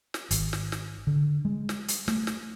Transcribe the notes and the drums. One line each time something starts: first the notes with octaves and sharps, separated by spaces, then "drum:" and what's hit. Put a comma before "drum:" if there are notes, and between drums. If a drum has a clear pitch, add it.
drum: snare
G#1, drum: hi-hat
drum: snare
drum: snare
D3
G#3
drum: snare
drum: hi-hat
A3, drum: snare
drum: snare